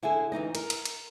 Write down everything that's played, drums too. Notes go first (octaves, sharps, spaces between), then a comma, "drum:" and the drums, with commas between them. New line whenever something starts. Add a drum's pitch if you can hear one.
D3 E4 G#4 A4 G#5
D2 E3 D#4 D#5
A#4, drum: cymbal
drum: cymbal
drum: cymbal